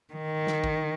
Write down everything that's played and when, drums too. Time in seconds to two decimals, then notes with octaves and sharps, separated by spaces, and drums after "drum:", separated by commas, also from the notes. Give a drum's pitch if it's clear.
0.13 D#3
0.47 drum: snare
0.64 drum: kick